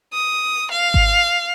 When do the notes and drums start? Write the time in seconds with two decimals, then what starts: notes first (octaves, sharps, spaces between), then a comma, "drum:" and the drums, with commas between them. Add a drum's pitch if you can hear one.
0.13 D#6
0.71 F5
0.94 drum: kick G#1